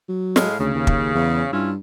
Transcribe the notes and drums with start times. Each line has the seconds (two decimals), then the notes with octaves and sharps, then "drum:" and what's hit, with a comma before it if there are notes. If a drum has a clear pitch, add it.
0.09 F#3
0.36 A2 G#3 F5, drum: snare
0.59 D2 C#3
0.75 D#2
0.87 drum: kick
1.15 E2
1.52 G2 C#4 E4 F4